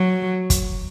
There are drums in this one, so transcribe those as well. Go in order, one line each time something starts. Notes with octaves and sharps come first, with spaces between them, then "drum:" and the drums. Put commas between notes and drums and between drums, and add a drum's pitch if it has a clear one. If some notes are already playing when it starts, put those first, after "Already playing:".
Already playing: F#3
drum: kick, hi-hat